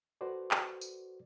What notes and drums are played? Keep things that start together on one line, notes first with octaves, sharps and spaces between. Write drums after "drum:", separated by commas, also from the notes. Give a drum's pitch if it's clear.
F#4 A4 B4 C5 D5
drum: clap
drum: tambourine